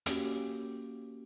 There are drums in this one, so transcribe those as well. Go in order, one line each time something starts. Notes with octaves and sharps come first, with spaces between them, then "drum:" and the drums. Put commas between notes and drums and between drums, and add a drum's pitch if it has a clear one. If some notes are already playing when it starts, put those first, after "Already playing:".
A#3 C#4 F#4 G4, drum: hi-hat